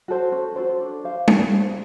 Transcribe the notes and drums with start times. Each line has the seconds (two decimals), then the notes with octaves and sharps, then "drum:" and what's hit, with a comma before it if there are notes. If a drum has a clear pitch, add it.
0.08 F#4 A4 C5
0.32 C#4
0.56 F#4 A4 C5
0.80 D4
1.04 G4 C5 F5
1.28 D4, drum: tom G3
1.52 G4 C5 F5